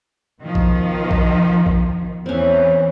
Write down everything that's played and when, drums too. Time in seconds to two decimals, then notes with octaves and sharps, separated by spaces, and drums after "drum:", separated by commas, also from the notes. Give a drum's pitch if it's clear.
0.41 B2 D#3 F3
0.55 drum: kick A#1
1.11 drum: kick A#1
1.66 drum: kick A#1
2.26 E2 E3 C4 C#4